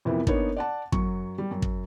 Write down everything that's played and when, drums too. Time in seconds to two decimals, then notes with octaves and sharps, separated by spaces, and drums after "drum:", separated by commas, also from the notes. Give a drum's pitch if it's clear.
0.05 F2 C3 E3 A#3 B3 E4
0.27 A#3 B3 D4 D#4 C#5, drum: kick
0.57 D5 F#5 A5
0.92 F#2 F#3 C#6, drum: kick
1.38 G3
1.51 F#2
1.62 drum: kick